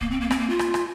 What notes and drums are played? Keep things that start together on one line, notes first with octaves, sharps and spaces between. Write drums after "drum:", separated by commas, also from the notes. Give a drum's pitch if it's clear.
A#3, drum: kick
C4
A#3
C4, drum: rim click
A#3
F4
drum: rim click
drum: rim click